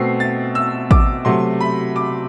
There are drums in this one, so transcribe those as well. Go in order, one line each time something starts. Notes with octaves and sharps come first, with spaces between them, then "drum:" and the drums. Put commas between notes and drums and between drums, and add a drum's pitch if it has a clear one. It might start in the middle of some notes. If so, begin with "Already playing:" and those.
Already playing: B2 A3 C4 C7
A6
E6
D6, drum: kick A1
C3 F#3 A3 C6
B5
D6